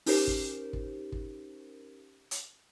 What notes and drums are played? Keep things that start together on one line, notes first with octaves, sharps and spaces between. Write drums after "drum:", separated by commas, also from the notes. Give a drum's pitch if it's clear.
C#4 D#4 G4 A#4 C5, drum: open hi-hat
drum: kick
drum: kick
drum: kick
drum: hi-hat